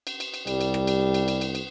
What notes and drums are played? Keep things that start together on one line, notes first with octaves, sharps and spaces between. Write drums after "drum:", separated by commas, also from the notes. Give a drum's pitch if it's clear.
drum: cymbal
drum: cymbal
drum: cymbal
C2 G3, drum: cymbal
drum: cymbal
drum: rim click
drum: cymbal
drum: cymbal
drum: cymbal
drum: cymbal
drum: cymbal